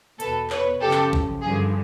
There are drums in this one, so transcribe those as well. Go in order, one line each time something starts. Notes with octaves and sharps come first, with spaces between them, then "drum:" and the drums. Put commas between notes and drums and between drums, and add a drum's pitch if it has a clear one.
E2 B2 A4 B4, drum: hi-hat
B4 C#5, drum: clap
F#2 C#3 F3 G4 A4
drum: clap
drum: kick A#1
G2 D3 F3 G#4